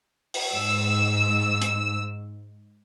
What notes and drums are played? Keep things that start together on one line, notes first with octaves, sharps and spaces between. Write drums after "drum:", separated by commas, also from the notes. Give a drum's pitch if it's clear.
drum: open hi-hat
G#2 E6
drum: hi-hat